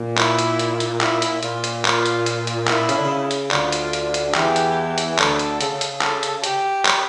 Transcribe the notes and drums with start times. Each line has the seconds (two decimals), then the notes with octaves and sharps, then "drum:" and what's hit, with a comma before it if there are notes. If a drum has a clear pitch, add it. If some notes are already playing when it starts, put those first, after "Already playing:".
Already playing: A#2
0.18 E4, drum: clap
0.39 drum: hi-hat
0.59 drum: hi-hat
0.80 drum: hi-hat
1.01 E4, drum: clap
1.22 drum: hi-hat
1.43 A#2 F4, drum: hi-hat
1.64 drum: hi-hat
1.85 F4, drum: clap
2.06 drum: hi-hat
2.26 drum: hi-hat
2.47 drum: hi-hat
2.68 A#2 E4, drum: clap
2.89 C#3, drum: hi-hat
2.97 D3
3.05 C#3
3.31 drum: hi-hat
3.51 D2 D3 F4, drum: clap
3.72 drum: hi-hat
3.93 drum: hi-hat
4.14 drum: hi-hat
4.35 E2 E3 G4, drum: clap
4.56 drum: hi-hat
4.98 drum: hi-hat
5.19 D2 D3 A4, drum: clap
5.39 drum: hi-hat
5.61 C#3, drum: hi-hat
5.81 drum: hi-hat
6.01 A4, drum: clap
6.23 drum: hi-hat
6.44 G4, drum: hi-hat
6.85 drum: clap